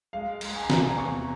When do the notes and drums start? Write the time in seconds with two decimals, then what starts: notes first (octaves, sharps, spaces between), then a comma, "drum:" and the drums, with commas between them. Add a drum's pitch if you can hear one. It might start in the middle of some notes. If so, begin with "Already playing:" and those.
0.13 G#3 F5
0.41 G#3, drum: cymbal
0.56 G#5
0.63 A#5
0.70 C3 G#5, drum: snare
0.79 A#5
0.86 G#5
0.98 E2 C#6